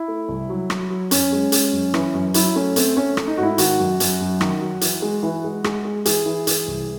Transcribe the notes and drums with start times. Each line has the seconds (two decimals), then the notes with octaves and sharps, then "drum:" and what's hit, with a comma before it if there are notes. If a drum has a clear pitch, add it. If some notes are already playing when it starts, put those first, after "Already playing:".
Already playing: E4
0.08 A3
0.29 C2
0.49 F#3
0.70 F#3, drum: rim click
0.90 F#3
1.11 F#2 C#4, drum: hi-hat
1.32 G#3
1.52 G#3, drum: hi-hat
1.72 F#2
1.94 E3, drum: rim click
2.14 F#2
2.34 F#3 E4, drum: hi-hat
2.56 A3 C#4
2.76 A3 C4, drum: hi-hat
2.97 A3 C#4
3.17 A3, drum: rim click
3.27 D#4
3.37 G#2 F#4
3.43 E4
3.58 D#3 F#4, drum: hi-hat
3.79 F#2
4.00 F#2, drum: hi-hat
4.21 F#2
4.41 D#3, drum: rim click
4.61 F#3
4.81 E3, drum: hi-hat
5.02 G#3
5.23 E3
5.44 G#3
5.64 G#3, drum: rim click
5.85 G#3
6.05 E3 G#4, drum: hi-hat
6.26 E3
6.47 E3, drum: hi-hat
6.68 C2